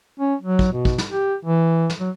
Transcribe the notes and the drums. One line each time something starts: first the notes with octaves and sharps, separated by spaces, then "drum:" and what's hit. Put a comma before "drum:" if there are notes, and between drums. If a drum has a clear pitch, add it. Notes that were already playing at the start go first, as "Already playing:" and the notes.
C#4
F#3
drum: kick
B2
drum: kick
drum: snare
G4
E3
drum: snare
F#3